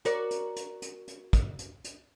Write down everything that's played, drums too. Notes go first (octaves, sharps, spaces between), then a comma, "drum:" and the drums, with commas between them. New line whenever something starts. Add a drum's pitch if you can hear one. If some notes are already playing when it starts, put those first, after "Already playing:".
F#4 A#4 D5, drum: hi-hat
drum: hi-hat
drum: hi-hat
drum: hi-hat
drum: hi-hat
drum: kick, hi-hat
drum: hi-hat
drum: hi-hat